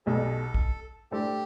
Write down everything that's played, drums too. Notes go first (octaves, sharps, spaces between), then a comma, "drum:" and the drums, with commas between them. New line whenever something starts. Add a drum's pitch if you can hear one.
B1 B2 G3 A4
drum: kick
A2 G3 D4 G4 A4 C5